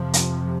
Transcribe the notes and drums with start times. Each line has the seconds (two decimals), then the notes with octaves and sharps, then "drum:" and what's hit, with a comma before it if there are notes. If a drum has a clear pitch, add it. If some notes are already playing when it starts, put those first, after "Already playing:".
Already playing: F2 C3 F3
0.14 drum: hi-hat